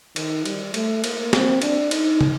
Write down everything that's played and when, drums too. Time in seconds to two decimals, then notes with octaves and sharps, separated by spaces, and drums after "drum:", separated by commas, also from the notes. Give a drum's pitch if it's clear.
0.16 D#3, drum: cymbal
0.45 G3, drum: cymbal
0.74 A3, drum: cymbal
1.04 A#3, drum: cymbal
1.33 C4, drum: snare
1.62 D4, drum: cymbal
1.91 D#4, drum: cymbal
2.21 drum: tom